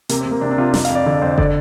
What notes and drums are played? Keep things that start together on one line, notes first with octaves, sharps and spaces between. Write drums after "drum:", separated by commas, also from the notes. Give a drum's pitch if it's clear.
C3 A#3, drum: hi-hat
C4
C3
A#3
C3 D4
D4
C3 F4
F2, drum: snare
F5, drum: hi-hat
F2
D5
D3
F2 C5
D3 D5, drum: kick G1